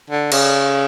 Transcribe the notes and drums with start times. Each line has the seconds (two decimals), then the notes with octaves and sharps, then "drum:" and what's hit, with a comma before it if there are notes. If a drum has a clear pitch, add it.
0.10 D3
0.32 C#3, drum: cymbal